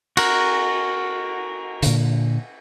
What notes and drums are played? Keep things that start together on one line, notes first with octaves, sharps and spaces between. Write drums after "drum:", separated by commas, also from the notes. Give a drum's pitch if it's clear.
F#4 A#4, drum: cymbal
A#2 D3, drum: hi-hat